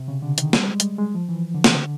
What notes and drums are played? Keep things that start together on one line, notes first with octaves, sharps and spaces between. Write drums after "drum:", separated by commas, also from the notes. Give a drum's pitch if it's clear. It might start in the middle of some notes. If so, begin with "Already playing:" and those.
Already playing: C3
C#3
D3
D#3, drum: hi-hat
G3, drum: snare
G#3
drum: hi-hat
G#3
F3
E3
D3
C#3, drum: snare
D3